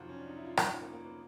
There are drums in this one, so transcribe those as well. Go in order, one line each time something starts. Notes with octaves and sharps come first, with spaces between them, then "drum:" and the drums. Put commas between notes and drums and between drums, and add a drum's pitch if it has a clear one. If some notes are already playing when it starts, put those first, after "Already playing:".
Already playing: F2 C3 D#3 F#3 F4 F#4
C#4
D4
D#4
E4
F4
E4, drum: rim click
D#4
A#3
A#3
B3